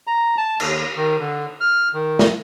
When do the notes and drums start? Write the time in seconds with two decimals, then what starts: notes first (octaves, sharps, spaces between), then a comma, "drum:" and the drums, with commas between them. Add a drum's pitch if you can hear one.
0.07 A#5
0.37 A5
0.60 D#2, drum: cymbal
0.96 D#3
1.20 D3
1.61 F6
1.93 D#3
2.19 drum: snare